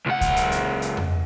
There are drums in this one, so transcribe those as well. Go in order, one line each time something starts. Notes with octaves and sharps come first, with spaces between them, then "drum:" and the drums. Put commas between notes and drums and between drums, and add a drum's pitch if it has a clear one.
C#2 F#5
drum: kick C#2, hi-hat
drum: hi-hat
drum: hi-hat
drum: hi-hat
drum: tom F2